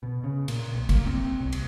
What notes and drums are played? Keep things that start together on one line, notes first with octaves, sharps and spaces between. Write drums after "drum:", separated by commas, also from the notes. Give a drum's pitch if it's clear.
B2
C#3
A#2, drum: cymbal
B1
A#3, drum: kick, cymbal
C4
C2
drum: cymbal